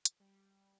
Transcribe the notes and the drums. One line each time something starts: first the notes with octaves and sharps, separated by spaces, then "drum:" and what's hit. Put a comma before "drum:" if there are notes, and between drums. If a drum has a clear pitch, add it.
drum: hi-hat
G3